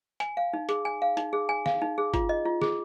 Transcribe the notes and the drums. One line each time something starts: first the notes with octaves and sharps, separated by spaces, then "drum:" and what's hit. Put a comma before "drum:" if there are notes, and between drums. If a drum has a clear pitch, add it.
G#5, drum: hi-hat
F5
D#4
G#4, drum: hi-hat
G#5
F5
D#4, drum: hi-hat
G#4
G#5
F5, drum: snare
D#4
G#4
F4, drum: kick G1, hi-hat
D#5
F4
G#4, drum: snare